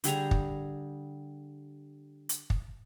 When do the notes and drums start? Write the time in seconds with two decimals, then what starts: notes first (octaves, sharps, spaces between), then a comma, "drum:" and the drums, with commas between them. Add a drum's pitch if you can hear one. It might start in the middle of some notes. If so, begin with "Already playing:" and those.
0.04 D3 G3 G#4 A#5, drum: hi-hat
0.31 drum: kick
2.29 drum: hi-hat
2.50 drum: kick